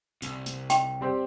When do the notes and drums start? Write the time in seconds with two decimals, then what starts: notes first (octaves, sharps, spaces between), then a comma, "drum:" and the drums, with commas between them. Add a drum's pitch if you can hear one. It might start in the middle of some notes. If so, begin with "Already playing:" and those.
0.22 C2, drum: hi-hat
0.46 drum: hi-hat
0.70 G5, drum: hi-hat
1.01 G3 C4 G4